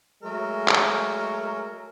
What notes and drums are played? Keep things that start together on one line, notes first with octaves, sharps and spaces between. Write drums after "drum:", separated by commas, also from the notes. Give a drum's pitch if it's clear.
F#3 G#3 A3 A#4
drum: clap